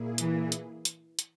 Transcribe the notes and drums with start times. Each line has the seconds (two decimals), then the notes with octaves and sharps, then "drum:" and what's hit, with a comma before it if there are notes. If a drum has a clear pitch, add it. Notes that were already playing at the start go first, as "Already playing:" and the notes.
Already playing: A#2 A#3 E4 G#4
0.18 E3, drum: hi-hat
0.52 drum: hi-hat
0.85 drum: hi-hat
1.19 drum: hi-hat